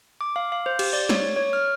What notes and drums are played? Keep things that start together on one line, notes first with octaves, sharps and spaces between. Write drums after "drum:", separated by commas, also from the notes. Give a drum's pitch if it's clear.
D6
F5
F5
C5
G4, drum: cymbal
D5
C#5, drum: snare
C#5
F6